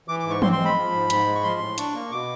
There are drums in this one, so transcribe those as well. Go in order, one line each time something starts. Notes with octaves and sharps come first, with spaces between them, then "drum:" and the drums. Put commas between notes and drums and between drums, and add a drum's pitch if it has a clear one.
E3 D6
G#2 D6
C#6
C4 C6, drum: tom E3
C6
G#3
B5
F3
G#2
G#2, drum: hi-hat
G#3
C#6
F3 C6
A2
D4 C#6, drum: hi-hat
A#3
B2 D6